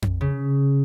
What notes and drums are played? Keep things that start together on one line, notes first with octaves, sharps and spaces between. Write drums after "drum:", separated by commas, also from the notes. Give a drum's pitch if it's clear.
drum: tom F2
C#3